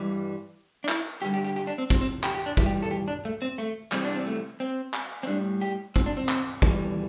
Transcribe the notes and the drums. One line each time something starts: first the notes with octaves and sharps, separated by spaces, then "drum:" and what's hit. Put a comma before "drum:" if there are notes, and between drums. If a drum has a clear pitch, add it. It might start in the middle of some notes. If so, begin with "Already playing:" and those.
Already playing: G2 E3 G3
D4
E4, drum: clap
G2 D3 G3 G4
G4
G4
G4
D4
C4
C4, drum: kick
C4
G4, drum: clap
G4
D4
G2 E3 G3 E4, drum: kick
G4
A4
G4
D4
A3
C4
A3
E2 C3 E3 G3 C4, drum: clap
D4
C4
A3
C4
drum: clap
C4
A2 G3 D4
G4
C4, drum: kick
D4
C4
drum: clap
E2 E3 G3, drum: kick